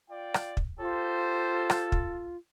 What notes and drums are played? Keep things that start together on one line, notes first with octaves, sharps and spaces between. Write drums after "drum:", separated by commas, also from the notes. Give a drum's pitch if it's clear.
F4 D5 G5
drum: rim click
drum: kick
F4 G4 A4 C5
drum: rim click
drum: kick